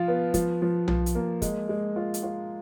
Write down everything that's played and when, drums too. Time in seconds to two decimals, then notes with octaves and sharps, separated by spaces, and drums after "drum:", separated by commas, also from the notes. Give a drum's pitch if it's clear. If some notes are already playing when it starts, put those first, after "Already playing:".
Already playing: F3 F4
0.08 B3
0.34 F3, drum: kick, hi-hat
0.62 F3
0.88 F3, drum: tom B1
1.06 drum: hi-hat
1.15 A#3
1.42 G#3, drum: kick, hi-hat
1.69 G#3
1.96 F4
2.14 drum: hi-hat
2.23 F4